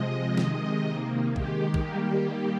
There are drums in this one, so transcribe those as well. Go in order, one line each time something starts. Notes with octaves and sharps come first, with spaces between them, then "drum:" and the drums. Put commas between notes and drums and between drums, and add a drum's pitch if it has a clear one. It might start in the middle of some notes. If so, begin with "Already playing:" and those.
Already playing: C3 F3 G#3 D#5
C3 D#3 G#3, drum: snare
C3 D#3 A#3
D#3 G#3 G4, drum: kick
drum: kick
D#3 G3 A#3